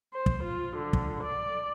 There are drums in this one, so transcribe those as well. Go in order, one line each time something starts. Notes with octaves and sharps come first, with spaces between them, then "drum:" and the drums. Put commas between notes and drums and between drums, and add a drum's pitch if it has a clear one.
C5
drum: kick
F4
D3
drum: kick
D5